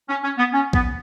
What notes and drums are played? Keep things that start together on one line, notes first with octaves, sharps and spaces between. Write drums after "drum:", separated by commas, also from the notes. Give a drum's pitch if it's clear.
C#4
C#4
B3
C#4
B3, drum: kick B1